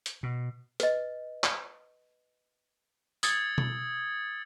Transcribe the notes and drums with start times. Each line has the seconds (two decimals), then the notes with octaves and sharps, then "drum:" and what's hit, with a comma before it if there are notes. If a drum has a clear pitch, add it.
0.06 drum: hi-hat
0.23 B2
0.80 B4 D#5, drum: hi-hat
1.44 drum: clap
3.23 D#6 E6 G#6 A6 C#7, drum: tambourine
3.58 drum: tom B2